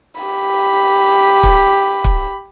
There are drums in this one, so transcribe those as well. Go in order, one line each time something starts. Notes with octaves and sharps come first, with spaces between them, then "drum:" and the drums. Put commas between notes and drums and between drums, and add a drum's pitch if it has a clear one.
G4 B5
drum: kick
drum: kick